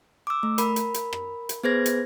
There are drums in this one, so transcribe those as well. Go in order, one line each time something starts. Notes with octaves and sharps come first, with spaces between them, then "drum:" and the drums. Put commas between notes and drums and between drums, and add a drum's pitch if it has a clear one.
D6 E6
A3
A#4 B5, drum: hi-hat
drum: hi-hat
drum: hi-hat
drum: rim click
drum: hi-hat
B3 G#4 B4 C5 G#6 A#6
drum: hi-hat